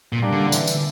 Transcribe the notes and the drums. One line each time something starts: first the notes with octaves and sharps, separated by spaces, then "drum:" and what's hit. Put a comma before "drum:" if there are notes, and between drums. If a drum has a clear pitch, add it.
A#2
G3 A#3 D4
D3
E3, drum: tambourine
drum: tambourine